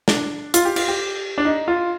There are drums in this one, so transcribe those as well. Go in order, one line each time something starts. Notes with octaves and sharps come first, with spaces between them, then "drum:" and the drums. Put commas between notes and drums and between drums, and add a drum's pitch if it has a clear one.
D4, drum: snare
F4, drum: hi-hat
G4
F4, drum: cymbal
G4
D4
D#4
F4